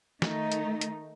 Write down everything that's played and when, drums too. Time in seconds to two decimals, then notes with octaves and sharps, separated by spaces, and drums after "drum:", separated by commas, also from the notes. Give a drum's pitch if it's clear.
0.22 D#3 A3 D#4, drum: snare
0.52 drum: hi-hat
0.81 drum: hi-hat